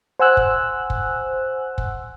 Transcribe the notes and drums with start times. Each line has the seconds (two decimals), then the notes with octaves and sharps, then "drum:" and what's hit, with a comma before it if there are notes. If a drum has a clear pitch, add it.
0.19 C5 F#5 G#5 E6 F#6
0.37 drum: kick
0.90 drum: kick
1.78 drum: kick